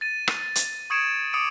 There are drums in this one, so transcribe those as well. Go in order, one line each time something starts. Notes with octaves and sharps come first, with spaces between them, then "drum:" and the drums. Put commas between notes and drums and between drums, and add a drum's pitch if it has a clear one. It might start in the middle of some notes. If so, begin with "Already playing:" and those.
A6 D#7
drum: rim click
drum: hi-hat
C#6 D#6 G#6 C#7 D7 E7
D6 D#6 C#7 D7